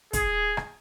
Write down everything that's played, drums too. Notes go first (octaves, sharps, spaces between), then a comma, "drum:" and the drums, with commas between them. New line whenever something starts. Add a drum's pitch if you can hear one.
G#4, drum: kick, hi-hat
drum: rim click